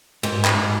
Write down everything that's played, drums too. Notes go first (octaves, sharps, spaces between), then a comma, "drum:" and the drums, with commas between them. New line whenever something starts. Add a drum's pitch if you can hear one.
G#2, drum: cymbal
drum: clap
G#2